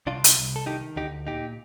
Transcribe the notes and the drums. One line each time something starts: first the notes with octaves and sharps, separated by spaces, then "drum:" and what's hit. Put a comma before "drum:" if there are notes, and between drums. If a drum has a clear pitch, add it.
C2 D4 F4
drum: hi-hat
C2
A4
D#3 D#4 G4
D2 D#4 G4
A#2 D#4 G4